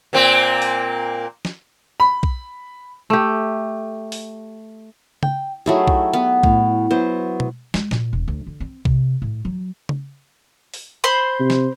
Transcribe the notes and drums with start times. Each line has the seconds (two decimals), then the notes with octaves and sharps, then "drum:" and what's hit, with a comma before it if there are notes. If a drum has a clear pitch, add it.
0.13 A#2 A#3 C4
0.62 drum: open hi-hat
1.45 drum: snare
2.00 B5
2.23 drum: kick B1
3.10 A3 G4
4.12 drum: open hi-hat
5.23 G5, drum: tom C#3
5.66 F#3 A3 D#4 E4 G4 G#4
5.87 drum: kick B1
6.13 B3
6.43 A2, drum: kick B1
6.91 F#3 B3 E4 C5
7.40 drum: tom B2
7.74 G#3, drum: snare
7.91 A#2, drum: snare
8.13 E1
8.28 D2
8.47 D3
8.60 C4
8.85 C3, drum: kick B1
9.22 A2
9.45 F#3
9.89 drum: tom C#3
10.74 drum: open hi-hat
11.04 C5 B5 C6
11.40 C3
11.50 drum: snare